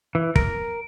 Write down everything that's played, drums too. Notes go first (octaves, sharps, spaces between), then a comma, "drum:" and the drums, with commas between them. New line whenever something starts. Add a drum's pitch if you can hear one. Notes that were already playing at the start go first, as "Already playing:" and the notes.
E3
A#4, drum: kick